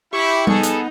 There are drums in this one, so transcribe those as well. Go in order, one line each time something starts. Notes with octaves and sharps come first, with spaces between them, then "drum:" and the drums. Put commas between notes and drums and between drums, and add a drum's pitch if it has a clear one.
E4 G4 B5 C#6
B3 D#4 G#4 A4, drum: tom G3
drum: hi-hat